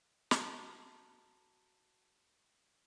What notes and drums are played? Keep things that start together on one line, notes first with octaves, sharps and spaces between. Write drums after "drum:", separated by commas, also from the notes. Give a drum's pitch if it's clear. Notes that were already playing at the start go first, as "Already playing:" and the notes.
F#4 A5 A#5 C6, drum: snare